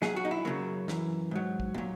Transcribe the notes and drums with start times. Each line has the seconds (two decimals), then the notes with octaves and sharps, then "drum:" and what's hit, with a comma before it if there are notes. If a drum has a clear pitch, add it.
0.02 A#2 F#3 G#4, drum: snare
0.16 F#4
0.25 D#4
0.31 E4
0.45 F#2 C#3 F#3 A#3
0.88 F#2 E3, drum: snare
1.31 G#2 F#3
1.60 drum: kick
1.74 A#2 F#3